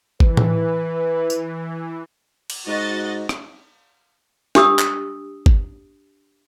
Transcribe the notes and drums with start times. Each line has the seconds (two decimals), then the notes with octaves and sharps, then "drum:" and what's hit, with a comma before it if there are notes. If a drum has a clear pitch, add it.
0.20 E3 B4, drum: kick G1
0.37 drum: tom
1.30 drum: tambourine
2.50 drum: cymbal
2.67 G#2 F#4 D#5 A6
3.29 drum: rim click
4.55 D4 G4 D#6 E6, drum: snare
4.79 drum: clap
5.46 drum: kick G1